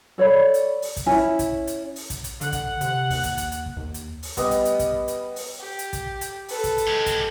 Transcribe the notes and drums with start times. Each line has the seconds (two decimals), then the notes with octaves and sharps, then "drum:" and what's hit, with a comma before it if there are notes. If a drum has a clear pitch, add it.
0.18 A4 C#5 D5 B5
0.54 drum: hi-hat
0.82 drum: open hi-hat
0.96 drum: kick, hi-hat
1.06 C#4 E4 G#5
1.39 drum: kick, hi-hat
1.67 drum: hi-hat
1.96 drum: open hi-hat
2.10 drum: kick, hi-hat
2.24 drum: hi-hat
2.41 D3 F#5, drum: hi-hat
2.52 drum: kick, hi-hat
2.81 C3, drum: hi-hat
3.10 D#2, drum: open hi-hat
3.23 drum: kick, hi-hat
3.38 drum: hi-hat
3.52 drum: hi-hat
3.66 drum: kick
3.77 D#2
3.94 drum: hi-hat
4.23 drum: open hi-hat
4.37 G3 B3 B4 D#5, drum: kick, hi-hat
4.51 drum: hi-hat
4.65 drum: hi-hat
4.79 drum: kick, hi-hat
5.08 drum: hi-hat
5.36 drum: open hi-hat
5.59 G4
5.79 drum: hi-hat
5.93 drum: kick, hi-hat
6.21 drum: hi-hat
6.48 A4 B4, drum: open hi-hat
6.64 drum: kick, hi-hat
6.78 drum: hi-hat
6.87 G#3 G4
7.06 drum: kick, hi-hat